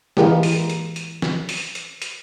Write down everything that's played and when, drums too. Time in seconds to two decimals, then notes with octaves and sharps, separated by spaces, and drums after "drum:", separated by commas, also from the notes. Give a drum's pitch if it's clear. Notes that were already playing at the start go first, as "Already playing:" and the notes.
0.17 E3 G#3 A#3 G4, drum: snare
0.43 drum: open hi-hat
0.70 drum: hi-hat
0.96 drum: hi-hat
1.22 drum: snare
1.49 drum: open hi-hat
1.75 drum: hi-hat
2.02 drum: hi-hat